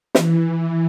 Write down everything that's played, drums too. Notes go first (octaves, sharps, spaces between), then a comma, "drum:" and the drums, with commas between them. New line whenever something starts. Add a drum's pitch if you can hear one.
E3, drum: snare